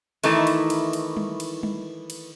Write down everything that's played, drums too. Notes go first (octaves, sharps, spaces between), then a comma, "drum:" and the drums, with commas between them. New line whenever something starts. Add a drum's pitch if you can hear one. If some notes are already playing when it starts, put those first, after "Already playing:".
D#3 E3 A3 D#4 E4, drum: cymbal
drum: cymbal
drum: cymbal
drum: cymbal
drum: tom G3
drum: cymbal
drum: tom G3
drum: cymbal